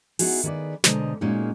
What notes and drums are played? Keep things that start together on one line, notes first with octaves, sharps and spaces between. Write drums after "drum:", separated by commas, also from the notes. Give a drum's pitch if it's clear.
B3 D#4 E4 F#4 G#4, drum: open hi-hat
D#3 G#4 B4 D5
B2 D3 G#3 C5 D#5 A#5, drum: snare
A#2 G#3 A#3 C#4 D#4 F#4